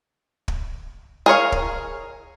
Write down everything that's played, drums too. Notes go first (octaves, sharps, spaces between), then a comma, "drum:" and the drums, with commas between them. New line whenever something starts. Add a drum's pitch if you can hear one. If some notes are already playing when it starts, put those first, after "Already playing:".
drum: kick
G#4 A#4 C#5 F5
drum: kick